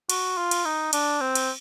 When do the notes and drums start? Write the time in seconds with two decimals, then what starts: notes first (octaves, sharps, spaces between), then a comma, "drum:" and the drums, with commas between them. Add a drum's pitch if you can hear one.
0.10 F#4, drum: cymbal
0.37 F4
0.51 drum: cymbal
0.65 D#4
0.93 D4, drum: cymbal
1.21 C4
1.35 drum: cymbal